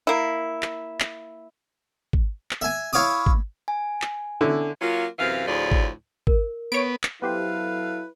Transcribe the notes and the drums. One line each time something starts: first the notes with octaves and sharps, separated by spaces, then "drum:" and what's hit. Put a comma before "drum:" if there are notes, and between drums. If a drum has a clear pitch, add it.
A#3 E4
drum: clap
drum: clap
drum: kick G#1
drum: clap
E5 G#5
E4 C#5 F5 D6 D#6
drum: kick G#1
G#5
drum: clap
D3 C#4 E4
F#3 A#3 C#4 F4
F#2 C3 E3 F5
D2 A2 F3 G#4 D5
drum: kick G#1
A#4, drum: kick G#1
B3 C#5 D7
drum: clap
F#3 B3 E4 G4 A4 B4 C5 F5